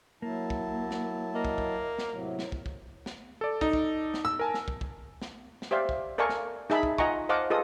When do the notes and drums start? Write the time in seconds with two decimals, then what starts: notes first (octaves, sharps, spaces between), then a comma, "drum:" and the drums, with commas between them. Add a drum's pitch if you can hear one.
0.22 F#3 A#3 E4 A5
0.50 drum: kick
0.91 drum: snare
1.35 A#3 D#5
1.45 drum: kick
1.58 drum: kick
1.98 drum: snare
2.09 A2 C3 F#3
2.39 drum: snare
2.52 drum: kick
2.66 drum: kick
3.06 drum: snare
3.41 A4 D5
3.61 D#4, drum: kick
3.73 drum: kick
4.14 drum: snare
4.25 E6
4.39 A#4 G#5 A5
4.54 drum: snare
4.68 drum: kick
4.81 drum: kick
5.22 drum: snare
5.62 drum: snare
5.71 G4 C5 D5 E5 F5
5.89 drum: kick
6.18 A4 A#4 D5 F5 G#5 C#6
6.29 drum: snare
6.70 D#4 G#4 E5 A5 B5, drum: snare
6.83 drum: kick
6.98 F4 D#5 F#5 G#5 A#5 C#6, drum: kick
7.29 C5 D#5 F5 F#5 A5 D6
7.50 F4 G#4 A4 B4 D#5 D#6